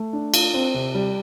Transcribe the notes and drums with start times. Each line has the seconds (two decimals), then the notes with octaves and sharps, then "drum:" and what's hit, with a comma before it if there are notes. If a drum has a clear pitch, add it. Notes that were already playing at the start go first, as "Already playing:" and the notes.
Already playing: A3
0.13 D4
0.34 F4, drum: cymbal
0.54 C4
0.74 C3
0.95 G3